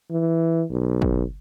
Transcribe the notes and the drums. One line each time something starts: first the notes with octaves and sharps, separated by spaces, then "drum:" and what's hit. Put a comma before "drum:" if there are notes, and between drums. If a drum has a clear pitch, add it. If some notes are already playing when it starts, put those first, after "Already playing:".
E3
B1
drum: kick